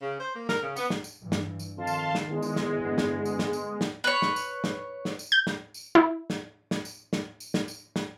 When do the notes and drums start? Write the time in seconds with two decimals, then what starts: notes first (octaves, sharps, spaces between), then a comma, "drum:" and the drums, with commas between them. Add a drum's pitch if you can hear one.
0.02 C#3
0.20 C5
0.35 A#3
0.49 A#4, drum: snare
0.62 C#3
0.76 B3, drum: tambourine
0.90 drum: snare
1.04 drum: tambourine
1.22 G2 E3
1.32 drum: snare
1.60 drum: tambourine
1.77 F2 D#3 F5 A5 C6
1.87 drum: tambourine
2.15 drum: snare
2.30 E2 G#3
2.42 drum: tambourine
2.56 drum: snare
2.78 G2 D3 B3
2.98 drum: snare
3.25 drum: tambourine
3.39 drum: snare
3.53 drum: tambourine
3.81 drum: snare
4.04 B4 C#5
4.22 drum: snare
4.36 drum: tambourine
4.64 drum: snare
5.05 drum: snare
5.19 drum: tambourine
5.32 G6
5.47 drum: snare
5.74 drum: tambourine
5.95 E4
6.30 drum: snare
6.71 drum: snare
6.85 drum: tambourine
7.13 drum: snare
7.40 drum: tambourine
7.54 drum: snare
7.68 drum: tambourine
7.96 drum: snare